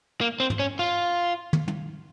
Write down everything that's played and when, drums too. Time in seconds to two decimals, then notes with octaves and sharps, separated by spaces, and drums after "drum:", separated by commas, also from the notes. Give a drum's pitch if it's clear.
0.21 A#3
0.40 C4
0.50 drum: tom
0.59 C#4
0.79 F4
1.53 drum: tom
1.68 drum: tom